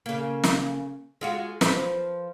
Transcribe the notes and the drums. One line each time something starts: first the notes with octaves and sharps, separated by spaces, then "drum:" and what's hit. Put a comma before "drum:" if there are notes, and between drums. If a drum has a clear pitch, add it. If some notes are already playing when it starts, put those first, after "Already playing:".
C#3 A#3
drum: snare
G#3 F4 F#4
F3 B4, drum: snare